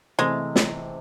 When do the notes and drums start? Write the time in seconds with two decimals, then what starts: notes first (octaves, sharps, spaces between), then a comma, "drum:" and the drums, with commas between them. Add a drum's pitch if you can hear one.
0.19 C3 E3 G#3 A3 C4
0.56 drum: snare